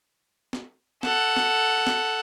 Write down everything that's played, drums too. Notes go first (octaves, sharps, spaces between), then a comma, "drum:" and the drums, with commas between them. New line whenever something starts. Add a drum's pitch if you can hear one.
drum: snare
A4 F#5, drum: snare
drum: snare
drum: snare